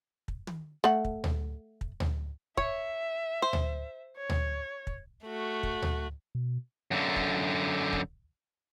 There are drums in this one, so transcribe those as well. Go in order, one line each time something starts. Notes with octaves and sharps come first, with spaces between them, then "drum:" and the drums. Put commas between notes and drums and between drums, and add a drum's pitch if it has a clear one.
drum: kick
drum: tom
A3 F#5
drum: kick
drum: tom D2
drum: kick
drum: tom D2
C#5 E5, drum: kick
C5
drum: tom D2
C#5
drum: tom D2
drum: kick
A3 F#4
drum: kick
drum: tom D2
B2
F#2 D3
drum: kick
drum: kick